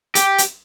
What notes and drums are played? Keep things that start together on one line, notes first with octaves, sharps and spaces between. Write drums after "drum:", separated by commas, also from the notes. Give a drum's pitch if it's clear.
G4, drum: hi-hat
drum: hi-hat